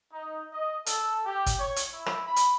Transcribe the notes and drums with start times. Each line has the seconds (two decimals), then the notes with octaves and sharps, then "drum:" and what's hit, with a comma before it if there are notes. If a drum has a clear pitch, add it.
0.12 D#4
0.52 D#5
0.86 A4, drum: hi-hat
1.25 G4
1.46 drum: kick G1, hi-hat
1.58 C#5
1.76 drum: hi-hat
1.93 E4
2.06 drum: rim click
2.26 B5
2.36 drum: hi-hat